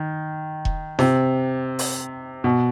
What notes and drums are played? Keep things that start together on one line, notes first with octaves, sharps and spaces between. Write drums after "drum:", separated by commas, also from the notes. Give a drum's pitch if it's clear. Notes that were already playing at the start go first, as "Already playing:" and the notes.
Already playing: D#3
drum: kick E1
C3, drum: snare
drum: open hi-hat
B2